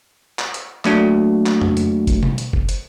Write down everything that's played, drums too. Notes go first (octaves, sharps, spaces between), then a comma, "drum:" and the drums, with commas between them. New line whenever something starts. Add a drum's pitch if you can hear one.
drum: clap
drum: hi-hat
F#3 A3 A#3 D4 F#4, drum: clap
drum: clap
drum: tom F2
drum: hi-hat
drum: kick F#1, hi-hat
drum: tom B2
drum: hi-hat
drum: kick F#1
drum: hi-hat